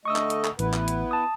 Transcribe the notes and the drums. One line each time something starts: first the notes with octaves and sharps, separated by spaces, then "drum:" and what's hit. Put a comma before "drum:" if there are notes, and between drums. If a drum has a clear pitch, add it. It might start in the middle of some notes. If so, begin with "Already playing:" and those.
D3 A3 D#5 C#6 D#6 E6
drum: clap
drum: hi-hat
drum: clap
A1 B3 E4 B4, drum: hi-hat
drum: clap
drum: hi-hat
A5 D#6